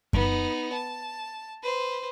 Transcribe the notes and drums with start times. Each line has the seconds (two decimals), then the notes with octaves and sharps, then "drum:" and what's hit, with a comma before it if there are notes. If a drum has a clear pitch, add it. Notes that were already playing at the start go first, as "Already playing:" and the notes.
0.13 B3 D#4, drum: kick F#2
0.72 A5
1.63 B4 C5